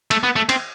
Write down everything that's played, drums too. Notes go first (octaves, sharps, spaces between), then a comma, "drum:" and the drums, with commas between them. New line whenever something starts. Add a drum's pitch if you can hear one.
A3, drum: cymbal
B3
A3
C4, drum: cymbal